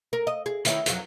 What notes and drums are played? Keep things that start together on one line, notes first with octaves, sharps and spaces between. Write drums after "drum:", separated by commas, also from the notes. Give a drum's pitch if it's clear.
A#4
D#5
G#4
D#3 E4 C#5, drum: hi-hat
F2 F#3, drum: hi-hat